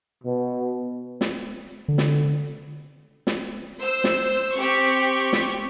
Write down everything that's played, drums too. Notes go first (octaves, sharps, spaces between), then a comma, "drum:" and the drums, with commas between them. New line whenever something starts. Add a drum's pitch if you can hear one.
B2
drum: snare
D3
drum: snare
drum: snare
C5 E6
drum: snare
C4 G4 C#6
drum: snare